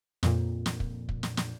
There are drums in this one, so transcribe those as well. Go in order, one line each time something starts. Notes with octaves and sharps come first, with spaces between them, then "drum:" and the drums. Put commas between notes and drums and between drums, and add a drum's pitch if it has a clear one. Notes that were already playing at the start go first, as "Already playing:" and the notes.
F2 A#2, drum: snare
drum: snare
drum: kick
drum: kick
drum: snare
drum: snare